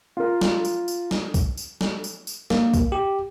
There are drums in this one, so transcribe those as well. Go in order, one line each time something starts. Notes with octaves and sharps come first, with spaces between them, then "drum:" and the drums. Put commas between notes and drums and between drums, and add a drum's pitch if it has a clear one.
F4 A#4
drum: snare
drum: tambourine
drum: tambourine
drum: snare
drum: kick B1, tambourine
drum: tambourine
drum: snare
drum: tambourine
drum: tambourine
A#3, drum: snare
drum: kick B1, tambourine
G4